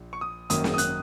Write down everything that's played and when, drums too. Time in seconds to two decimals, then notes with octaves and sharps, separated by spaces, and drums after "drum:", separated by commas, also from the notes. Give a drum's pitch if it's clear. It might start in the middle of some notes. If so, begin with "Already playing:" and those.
Already playing: A#1
0.13 C#6
0.21 D#6
0.50 G#1 F#2 D#3 F#3 A#3 D#6, drum: hi-hat
0.64 drum: snare
0.74 D#6
0.78 F#6, drum: hi-hat